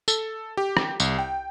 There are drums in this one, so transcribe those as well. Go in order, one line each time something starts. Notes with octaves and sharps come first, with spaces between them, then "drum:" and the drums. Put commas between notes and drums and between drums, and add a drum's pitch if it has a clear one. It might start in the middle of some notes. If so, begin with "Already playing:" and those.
A4, drum: tambourine
G4
drum: rim click
C2, drum: tambourine
G5